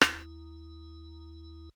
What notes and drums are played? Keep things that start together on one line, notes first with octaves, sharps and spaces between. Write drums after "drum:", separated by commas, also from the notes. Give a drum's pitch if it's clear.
D#2 E4, drum: rim click